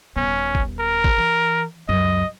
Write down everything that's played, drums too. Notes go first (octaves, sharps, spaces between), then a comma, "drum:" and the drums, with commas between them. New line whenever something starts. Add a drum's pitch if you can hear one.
D#1 B3 C#4
drum: kick
A#4
drum: kick
E3
C#2 F#2 D#5